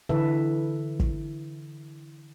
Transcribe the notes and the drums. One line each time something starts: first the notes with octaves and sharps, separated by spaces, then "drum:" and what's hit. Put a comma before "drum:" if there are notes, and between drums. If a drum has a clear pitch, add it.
D3 E3 E4 A4 B4 E5
drum: kick